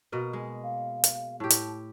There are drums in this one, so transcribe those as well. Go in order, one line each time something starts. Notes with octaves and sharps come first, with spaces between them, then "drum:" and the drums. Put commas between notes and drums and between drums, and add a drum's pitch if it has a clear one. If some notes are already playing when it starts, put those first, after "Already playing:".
B2 A#3 D#5
G#3
F5
drum: hi-hat
A2 G4 A5
drum: hi-hat